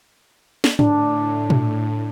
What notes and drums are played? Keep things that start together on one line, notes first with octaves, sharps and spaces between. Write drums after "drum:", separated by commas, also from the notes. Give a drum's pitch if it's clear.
drum: snare
A2 D4, drum: tom G#2
drum: tom A#2